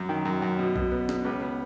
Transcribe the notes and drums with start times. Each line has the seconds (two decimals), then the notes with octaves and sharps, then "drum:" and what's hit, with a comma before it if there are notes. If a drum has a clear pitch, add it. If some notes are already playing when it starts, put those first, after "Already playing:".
Already playing: F#2
0.09 D#3
0.25 F#2
0.42 F#2
0.59 B2
0.76 B2, drum: kick B1
0.92 B3
1.09 B2, drum: snare
1.25 C#2 B4
1.42 B3